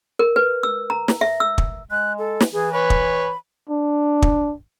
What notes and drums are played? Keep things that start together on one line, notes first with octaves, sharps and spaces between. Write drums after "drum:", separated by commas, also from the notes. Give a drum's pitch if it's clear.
A#4
B4
E6
A#5
drum: snare
E5
E6
drum: kick
G#3 F#6
A4
drum: snare
E3 G#4
B4 C#5 B5
drum: kick
D4
drum: kick